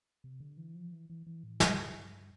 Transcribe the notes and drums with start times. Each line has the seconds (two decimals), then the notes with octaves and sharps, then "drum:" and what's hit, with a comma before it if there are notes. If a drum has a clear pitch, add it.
0.24 C3
0.40 D3
0.57 E3
0.75 F3
0.92 E3
1.10 E3
1.27 E3
1.43 A2
1.60 G2, drum: snare